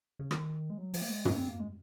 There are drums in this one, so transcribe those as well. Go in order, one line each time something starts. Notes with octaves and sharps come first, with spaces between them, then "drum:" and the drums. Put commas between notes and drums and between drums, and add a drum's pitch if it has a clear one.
C#3
D#3, drum: rim click
G#3
F#3
F3, drum: open hi-hat
A#3
G#3
A#3, drum: tom
C4
A#3
G#3